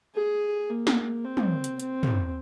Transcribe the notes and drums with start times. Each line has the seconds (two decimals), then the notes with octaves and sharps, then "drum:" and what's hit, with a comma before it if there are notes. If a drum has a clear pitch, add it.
0.15 G#4
0.70 A#3
0.87 drum: snare
1.24 C4
1.37 drum: tom
1.64 drum: hi-hat
1.80 C4, drum: hi-hat
2.03 drum: tom